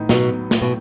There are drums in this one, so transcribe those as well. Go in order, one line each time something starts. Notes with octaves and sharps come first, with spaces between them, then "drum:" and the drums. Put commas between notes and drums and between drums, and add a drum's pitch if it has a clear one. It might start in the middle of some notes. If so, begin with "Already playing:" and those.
Already playing: A2 B3 D#4
B2 F#3, drum: snare
B3
A2, drum: snare
B2